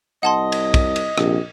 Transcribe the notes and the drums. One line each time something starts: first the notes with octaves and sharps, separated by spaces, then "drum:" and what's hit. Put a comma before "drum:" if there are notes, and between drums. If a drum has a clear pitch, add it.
C2 D#5 F#5 A5 C6
drum: cymbal
drum: kick, cymbal
drum: cymbal
A#1 C3, drum: rim click